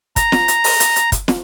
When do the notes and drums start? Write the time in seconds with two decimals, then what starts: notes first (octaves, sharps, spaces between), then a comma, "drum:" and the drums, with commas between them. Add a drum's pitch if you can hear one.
0.16 A#5, drum: kick, hi-hat
0.32 drum: snare
0.48 drum: hi-hat
0.64 drum: open hi-hat
0.80 drum: hi-hat
0.96 drum: hi-hat
1.12 drum: kick, hi-hat
1.28 drum: snare